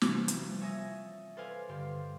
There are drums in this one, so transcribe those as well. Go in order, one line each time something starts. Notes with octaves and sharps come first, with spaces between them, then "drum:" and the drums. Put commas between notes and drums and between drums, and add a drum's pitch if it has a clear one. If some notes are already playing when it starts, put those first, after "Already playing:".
C3 E3 F3 G3, drum: snare
F3, drum: hi-hat
C#5 E5 G#5 A5 D#6 A#6
A4 B4 C5 D5 F5 G#5
G2 D3 G4 C6